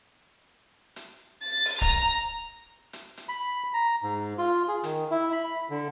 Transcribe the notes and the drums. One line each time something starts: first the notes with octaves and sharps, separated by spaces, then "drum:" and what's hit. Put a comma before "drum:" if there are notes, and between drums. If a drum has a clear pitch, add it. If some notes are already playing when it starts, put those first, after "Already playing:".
drum: hi-hat
A6
drum: open hi-hat
A#5, drum: kick C#1
drum: hi-hat
drum: hi-hat
B5
A#5
G#2
F4
G#4
D#3, drum: hi-hat
E4
B5
D3